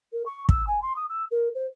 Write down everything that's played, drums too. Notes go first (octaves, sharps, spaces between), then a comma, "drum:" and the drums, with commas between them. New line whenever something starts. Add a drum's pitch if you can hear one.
A#4
C#6
E6, drum: kick
G#5
C6
D#6
E6
A#4
C5